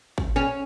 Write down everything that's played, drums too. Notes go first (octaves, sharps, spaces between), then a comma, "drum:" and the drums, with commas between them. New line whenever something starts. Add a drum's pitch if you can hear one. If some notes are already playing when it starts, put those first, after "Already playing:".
drum: kick G#1
C#4